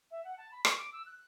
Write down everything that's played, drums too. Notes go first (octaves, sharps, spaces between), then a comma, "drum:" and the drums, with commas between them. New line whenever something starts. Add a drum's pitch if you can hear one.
E5
F#5
A5
B5
C#6, drum: rim click
D6
E6
F#6